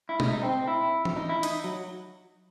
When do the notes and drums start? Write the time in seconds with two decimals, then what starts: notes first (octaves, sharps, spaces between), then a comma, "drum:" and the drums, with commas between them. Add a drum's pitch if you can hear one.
0.09 E4
0.20 D#4, drum: tom B2
0.33 D#4
0.43 C4
0.68 E4
1.05 drum: tom E3
1.16 D#4
1.29 E4
1.43 D#4, drum: hi-hat
1.64 F#3